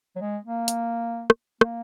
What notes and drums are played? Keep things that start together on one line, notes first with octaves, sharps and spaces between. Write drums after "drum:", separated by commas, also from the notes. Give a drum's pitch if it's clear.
F#3
G#3
A#3
drum: hi-hat
drum: rim click
A#3, drum: rim click